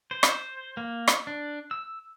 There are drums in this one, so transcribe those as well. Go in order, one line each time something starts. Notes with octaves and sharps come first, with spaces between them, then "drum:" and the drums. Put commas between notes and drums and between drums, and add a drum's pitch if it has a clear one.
C5
drum: rim click
A#3
drum: rim click
D4
E6